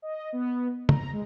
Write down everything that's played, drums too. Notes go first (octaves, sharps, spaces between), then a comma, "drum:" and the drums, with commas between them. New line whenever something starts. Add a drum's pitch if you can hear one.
D#5
B3
A#5, drum: tom
G#3